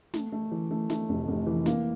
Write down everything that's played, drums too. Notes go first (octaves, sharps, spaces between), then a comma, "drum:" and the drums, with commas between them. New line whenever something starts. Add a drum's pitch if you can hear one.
A3, drum: snare
A3
E3
A3
A3, drum: snare
F1
F1
E3
A#3, drum: snare